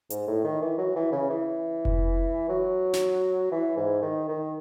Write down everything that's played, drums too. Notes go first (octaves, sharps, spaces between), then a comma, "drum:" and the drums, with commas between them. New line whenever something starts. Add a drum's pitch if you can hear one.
G#2, drum: hi-hat
A2
D#3
E3
F#3
E3
C#3
E3
drum: kick F1
F#3
drum: snare
E3
G#2
D#3
D#3